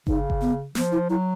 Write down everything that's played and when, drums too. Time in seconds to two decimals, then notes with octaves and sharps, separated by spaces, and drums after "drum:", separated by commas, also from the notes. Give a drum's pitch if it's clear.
0.07 C#3 D#4, drum: kick G1
0.30 drum: kick G1
0.41 B3
0.75 F3 B3, drum: snare
0.92 E4
1.10 F#3 E4